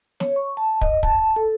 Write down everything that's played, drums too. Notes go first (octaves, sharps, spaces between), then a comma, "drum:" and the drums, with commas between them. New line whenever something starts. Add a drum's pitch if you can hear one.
C#5, drum: snare
C#6
A5
D#5, drum: kick
A5, drum: kick
A4